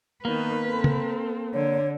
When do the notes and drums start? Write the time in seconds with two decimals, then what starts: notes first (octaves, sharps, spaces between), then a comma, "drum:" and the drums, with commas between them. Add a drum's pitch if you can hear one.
0.25 D#3 A#3 B3 B4
0.64 C4 A4
0.84 drum: tom C#3
1.54 D3 C#5